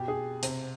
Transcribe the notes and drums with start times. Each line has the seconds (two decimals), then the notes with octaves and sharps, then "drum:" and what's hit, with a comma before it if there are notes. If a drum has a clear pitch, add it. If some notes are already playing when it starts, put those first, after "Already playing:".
Already playing: B2 G4
0.08 G#4
0.43 C3, drum: hi-hat